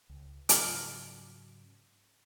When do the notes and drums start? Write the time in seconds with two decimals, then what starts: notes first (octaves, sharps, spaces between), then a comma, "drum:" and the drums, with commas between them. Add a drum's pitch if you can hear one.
0.10 C#2
0.49 G#2 C#3 F#3 D6 F6, drum: hi-hat